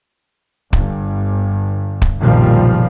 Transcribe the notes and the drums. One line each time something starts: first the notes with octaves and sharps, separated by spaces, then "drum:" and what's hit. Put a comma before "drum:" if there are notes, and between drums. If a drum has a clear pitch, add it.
G1 G2, drum: kick
drum: kick
F#1 B1 A#2 D#3 F3 G3